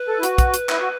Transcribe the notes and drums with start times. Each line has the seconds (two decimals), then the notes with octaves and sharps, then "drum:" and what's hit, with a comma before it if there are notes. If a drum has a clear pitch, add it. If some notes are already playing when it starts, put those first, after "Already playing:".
Already playing: B4
0.08 A4
0.19 E4
0.23 F#4, drum: hi-hat
0.38 drum: kick, hi-hat
0.54 drum: hi-hat
0.69 E4, drum: clap
0.81 F#4